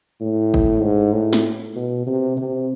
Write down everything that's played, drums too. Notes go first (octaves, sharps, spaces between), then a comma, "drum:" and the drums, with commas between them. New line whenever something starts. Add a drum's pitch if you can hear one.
A2
drum: kick G1
G#2
A2
drum: snare
B2
C3
C3